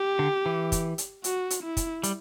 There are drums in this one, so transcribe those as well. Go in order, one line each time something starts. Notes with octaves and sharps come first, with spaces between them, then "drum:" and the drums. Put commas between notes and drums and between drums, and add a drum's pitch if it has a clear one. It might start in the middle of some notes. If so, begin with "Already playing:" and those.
Already playing: G4
D3
E3
drum: kick, hi-hat
drum: hi-hat
F#4, drum: hi-hat
drum: hi-hat
E4
drum: kick, hi-hat
G3, drum: hi-hat